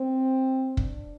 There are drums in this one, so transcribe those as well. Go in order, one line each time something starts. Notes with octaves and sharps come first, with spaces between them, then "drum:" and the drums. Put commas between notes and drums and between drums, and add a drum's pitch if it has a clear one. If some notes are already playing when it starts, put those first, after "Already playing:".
Already playing: C4
D4, drum: kick